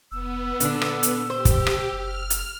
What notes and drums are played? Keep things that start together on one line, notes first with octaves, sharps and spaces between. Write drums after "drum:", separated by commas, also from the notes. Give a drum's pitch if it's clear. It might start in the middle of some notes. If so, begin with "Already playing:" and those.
F1 B3 E6
A#2 D3 D4, drum: hi-hat
drum: rim click
drum: hi-hat
G4 C5
drum: kick, hi-hat
drum: rim click
F#1 F6
drum: hi-hat